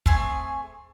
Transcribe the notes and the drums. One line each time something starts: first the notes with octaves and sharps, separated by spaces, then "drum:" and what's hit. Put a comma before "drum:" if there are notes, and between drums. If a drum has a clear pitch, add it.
A3 C4 G#4 G#5, drum: kick